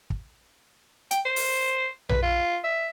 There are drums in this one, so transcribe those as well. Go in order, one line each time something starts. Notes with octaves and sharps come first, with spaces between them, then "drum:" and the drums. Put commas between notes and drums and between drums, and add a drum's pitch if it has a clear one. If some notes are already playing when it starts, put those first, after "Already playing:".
drum: kick
G5, drum: hi-hat
C5
drum: open hi-hat
B4, drum: tom A#1
F4
E5